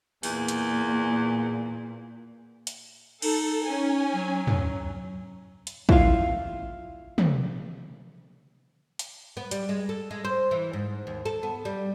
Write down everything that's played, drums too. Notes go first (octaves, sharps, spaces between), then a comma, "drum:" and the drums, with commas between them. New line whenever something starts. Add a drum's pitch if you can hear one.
E2 A#2, drum: open hi-hat
drum: hi-hat
drum: hi-hat
D#4 A4, drum: cymbal
C#4 G#5
F#3
drum: tom
drum: hi-hat
E4 F4 F5, drum: kick
drum: tom
drum: hi-hat
B3
G3, drum: hi-hat
G#3
A4
G#3
C5
E3
G#2
D#2
A4
B3
G3